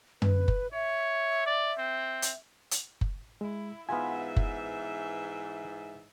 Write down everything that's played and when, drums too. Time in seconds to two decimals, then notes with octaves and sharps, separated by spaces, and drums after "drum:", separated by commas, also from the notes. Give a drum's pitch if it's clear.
0.22 B4, drum: tom F#2
0.48 drum: kick F#1
0.73 C#5 E5
1.46 D5
1.78 C4
2.22 drum: hi-hat
2.71 drum: hi-hat
3.01 drum: kick F#1
3.41 G#3 E4
3.89 G#2 E3 B3 F4 E5 F#5 G#5
4.36 drum: kick F#1